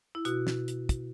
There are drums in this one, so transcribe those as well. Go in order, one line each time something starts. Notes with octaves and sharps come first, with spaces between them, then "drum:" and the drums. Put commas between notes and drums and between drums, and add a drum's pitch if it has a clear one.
E4
B2 F#4, drum: hi-hat
drum: snare
drum: hi-hat
drum: kick, hi-hat